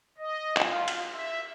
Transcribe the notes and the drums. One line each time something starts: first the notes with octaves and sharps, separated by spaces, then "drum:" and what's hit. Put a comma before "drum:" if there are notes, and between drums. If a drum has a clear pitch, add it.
D#5
F4, drum: clap
drum: cymbal
E5